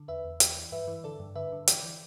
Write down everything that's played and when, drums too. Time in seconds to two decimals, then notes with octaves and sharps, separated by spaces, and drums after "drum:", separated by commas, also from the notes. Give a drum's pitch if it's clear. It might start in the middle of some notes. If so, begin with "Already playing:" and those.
Already playing: D3
0.08 E2 B4 E5
0.24 E2
0.40 E3 D5 G5, drum: hi-hat
0.57 E3
0.72 G2 B4 E5
0.88 E3
1.04 D3 A4 D5
1.19 G2
1.36 D3 B4 E5
1.52 D3
1.67 E3 D5 G5, drum: hi-hat
1.83 E3